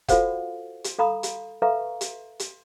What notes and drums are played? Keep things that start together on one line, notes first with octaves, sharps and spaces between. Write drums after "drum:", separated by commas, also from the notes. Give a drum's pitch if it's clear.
F4 F#4 A4 C5 F5 F#5, drum: kick E1, hi-hat
drum: hi-hat
A4 F5 A#5 B5 D#6
drum: hi-hat
A4 B4 E5 F5 A#5 C#6
drum: hi-hat
drum: hi-hat